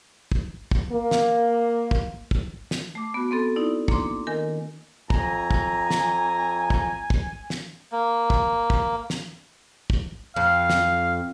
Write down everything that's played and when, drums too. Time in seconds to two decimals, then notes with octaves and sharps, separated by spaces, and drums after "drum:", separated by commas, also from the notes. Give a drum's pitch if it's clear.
0.32 drum: kick
0.71 drum: kick
0.91 A#3
1.11 drum: snare
1.91 drum: kick
2.31 drum: kick
2.71 drum: snare
2.95 A3 D6
3.14 B3 F#4
3.31 B3 C4 A4
3.56 D#4 E4 D5
3.88 A#3 D4 C6 D6, drum: kick
4.27 D#3 A#4 G#5
5.10 F2 G#5 A#5, drum: kick
5.51 drum: kick
5.90 drum: snare
6.70 drum: kick
7.10 drum: kick
7.50 drum: snare
7.92 A#3
8.30 drum: kick
8.70 drum: kick
9.10 drum: snare
9.90 drum: kick
10.36 F2 F5
10.70 drum: snare